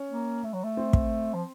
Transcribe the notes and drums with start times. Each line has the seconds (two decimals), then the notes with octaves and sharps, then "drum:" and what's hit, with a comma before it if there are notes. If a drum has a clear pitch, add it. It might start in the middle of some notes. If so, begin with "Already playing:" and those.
Already playing: C#4
0.11 A#3
0.44 A3
0.54 F#3
0.64 A3
0.77 C4
0.93 drum: kick
1.34 F3